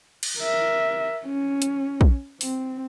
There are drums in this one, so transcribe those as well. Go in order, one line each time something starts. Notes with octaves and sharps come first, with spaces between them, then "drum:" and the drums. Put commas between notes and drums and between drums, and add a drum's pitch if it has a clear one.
drum: cymbal
A#4 E5
C#4
drum: hi-hat
drum: kick
C4, drum: open hi-hat